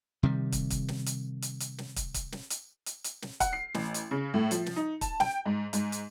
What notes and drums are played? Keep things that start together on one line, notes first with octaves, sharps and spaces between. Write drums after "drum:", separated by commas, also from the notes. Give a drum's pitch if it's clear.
C3 D#3 G3
drum: kick, hi-hat
drum: kick, hi-hat
drum: snare
drum: hi-hat
drum: hi-hat
drum: hi-hat
drum: snare
drum: kick, hi-hat
drum: kick, hi-hat
drum: snare
drum: hi-hat
drum: hi-hat
drum: hi-hat
drum: snare
F#5, drum: kick, hi-hat
C7
A1, drum: snare
drum: hi-hat
C#3
A2
F3, drum: hi-hat
drum: snare
D#4
A5, drum: kick, hi-hat
G5, drum: snare
G#2
G#2, drum: hi-hat
drum: hi-hat